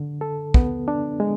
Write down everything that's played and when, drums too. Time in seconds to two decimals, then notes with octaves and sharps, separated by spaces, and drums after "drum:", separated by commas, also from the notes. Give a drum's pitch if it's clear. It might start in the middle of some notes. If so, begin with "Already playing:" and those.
Already playing: D3
0.21 A4
0.54 B3, drum: kick
0.88 D4
1.20 G#3